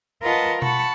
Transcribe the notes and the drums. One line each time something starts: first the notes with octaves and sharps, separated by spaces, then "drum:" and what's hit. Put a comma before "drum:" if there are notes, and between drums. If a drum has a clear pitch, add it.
F4 A#4 B4 D#5 F#5 A5
F#5 A5 B5 C#6, drum: tom B2